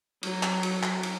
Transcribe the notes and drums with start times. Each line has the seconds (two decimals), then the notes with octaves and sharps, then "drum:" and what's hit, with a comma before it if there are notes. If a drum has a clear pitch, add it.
0.23 F#3, drum: cymbal
0.43 drum: clap
0.63 drum: cymbal
0.83 drum: clap
1.03 drum: cymbal